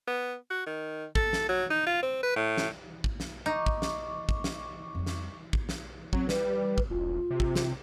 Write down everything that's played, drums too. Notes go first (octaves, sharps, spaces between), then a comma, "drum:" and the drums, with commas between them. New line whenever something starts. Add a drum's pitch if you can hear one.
B3
F#4
D#3
A4, drum: kick
drum: snare
F#3
D#4
F4
C4
B4
A2
drum: snare
drum: kick
drum: snare
D#4 C#6 D6
drum: kick
drum: snare
drum: kick
drum: snare
F2 G3
drum: snare
drum: kick
drum: snare
F#3 C4, drum: kick
G3 B4, drum: snare
drum: kick
E1 F4
C3
drum: kick
drum: snare